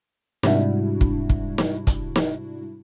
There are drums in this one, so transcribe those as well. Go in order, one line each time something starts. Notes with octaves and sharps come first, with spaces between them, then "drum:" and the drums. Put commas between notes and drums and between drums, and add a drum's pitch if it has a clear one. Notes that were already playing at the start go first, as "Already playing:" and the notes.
G#2 C3 G3 D4 E4 F#4, drum: snare
drum: kick
drum: kick
drum: snare
drum: kick, hi-hat
drum: snare